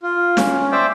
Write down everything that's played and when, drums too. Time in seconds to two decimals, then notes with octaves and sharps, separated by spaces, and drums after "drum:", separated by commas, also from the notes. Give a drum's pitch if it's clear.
0.03 F4
0.37 C#4, drum: snare
0.72 C5 D5 E5 G5